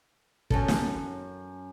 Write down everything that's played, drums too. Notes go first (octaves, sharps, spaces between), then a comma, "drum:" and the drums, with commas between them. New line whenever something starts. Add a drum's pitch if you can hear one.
F#2 C#4 A4, drum: kick
drum: snare